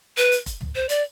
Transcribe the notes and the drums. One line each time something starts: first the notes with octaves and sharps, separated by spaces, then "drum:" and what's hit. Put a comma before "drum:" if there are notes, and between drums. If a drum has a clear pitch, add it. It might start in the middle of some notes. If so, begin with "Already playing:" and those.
B4, drum: hi-hat
drum: hi-hat
drum: kick F1, hi-hat
drum: tom
C5
D5, drum: hi-hat